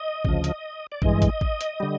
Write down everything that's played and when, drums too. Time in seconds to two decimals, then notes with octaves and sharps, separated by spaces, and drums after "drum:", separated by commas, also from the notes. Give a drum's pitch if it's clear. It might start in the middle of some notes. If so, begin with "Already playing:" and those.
Already playing: D#5
0.25 D2 C#3 F3, drum: kick
0.44 drum: hi-hat
0.92 D5
1.02 G2 E3 G#3 D#5, drum: kick
1.22 drum: kick, hi-hat
1.41 drum: kick
1.61 drum: hi-hat
1.80 D3 G3